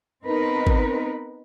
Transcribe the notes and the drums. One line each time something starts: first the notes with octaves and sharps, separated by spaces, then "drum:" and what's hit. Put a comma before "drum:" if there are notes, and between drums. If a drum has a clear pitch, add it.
B3 C4 D#4 A#4 B4
drum: kick G#1